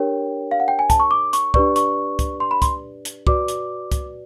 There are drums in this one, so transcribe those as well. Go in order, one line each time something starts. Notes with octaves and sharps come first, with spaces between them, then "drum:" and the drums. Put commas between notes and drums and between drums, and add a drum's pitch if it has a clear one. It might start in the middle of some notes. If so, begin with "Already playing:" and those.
Already playing: D4 G4 A#4 C#5 G5
F5
F#5
G5
G#5
A5, drum: kick, hi-hat
C#6
D6
C#6, drum: hi-hat
D4 G4 B4 D5 C#6, drum: kick
C#6, drum: hi-hat
drum: kick, hi-hat
C6
B5
C6, drum: kick, hi-hat
drum: hi-hat
F#4 B4 D5 D6, drum: kick
drum: hi-hat
drum: kick, hi-hat